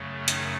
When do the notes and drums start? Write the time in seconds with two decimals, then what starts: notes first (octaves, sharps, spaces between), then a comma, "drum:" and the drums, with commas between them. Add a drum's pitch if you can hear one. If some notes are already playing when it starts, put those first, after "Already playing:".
Already playing: F#2 C#3 F#3 A3
0.28 D#3 D#4, drum: hi-hat